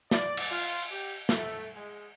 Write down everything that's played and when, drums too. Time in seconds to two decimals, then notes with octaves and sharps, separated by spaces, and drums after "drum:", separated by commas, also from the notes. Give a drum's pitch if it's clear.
0.11 D5, drum: snare
0.37 drum: cymbal
0.51 F4
0.91 G4
1.29 A3, drum: snare
1.75 G#3